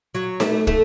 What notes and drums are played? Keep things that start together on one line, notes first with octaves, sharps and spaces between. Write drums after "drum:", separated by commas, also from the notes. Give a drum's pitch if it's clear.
F#3
A3, drum: snare D#4
A3, drum: kick